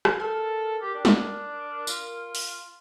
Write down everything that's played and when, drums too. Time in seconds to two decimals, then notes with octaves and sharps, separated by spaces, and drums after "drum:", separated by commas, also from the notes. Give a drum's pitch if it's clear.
0.05 drum: rim click
0.20 A4 A#4
0.82 G4
0.94 D4
1.05 drum: snare
1.87 F4, drum: tambourine
2.35 drum: open hi-hat